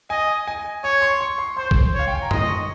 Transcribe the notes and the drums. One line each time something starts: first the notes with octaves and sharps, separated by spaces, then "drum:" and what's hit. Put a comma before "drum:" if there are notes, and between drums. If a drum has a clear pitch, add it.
D#5 G#5
G#5
C#5 C#6
C6
C#6
C6
C5 C6
drum: kick
C#5
F5
G5
G#5
A#5
D#5 C6, drum: tom F#2
C#6